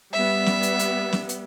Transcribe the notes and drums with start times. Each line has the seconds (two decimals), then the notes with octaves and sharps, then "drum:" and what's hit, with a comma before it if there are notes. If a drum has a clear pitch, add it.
0.13 G3 B3 E5
0.46 drum: snare
0.63 drum: hi-hat
0.79 drum: hi-hat
1.12 drum: snare
1.29 drum: hi-hat